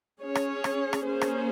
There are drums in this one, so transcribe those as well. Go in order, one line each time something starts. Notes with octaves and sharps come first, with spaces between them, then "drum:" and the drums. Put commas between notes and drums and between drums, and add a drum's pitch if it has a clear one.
C#4 G#4 C#5
drum: rim click
drum: rim click
drum: rim click
A#3 C#4 G#4 C5
drum: rim click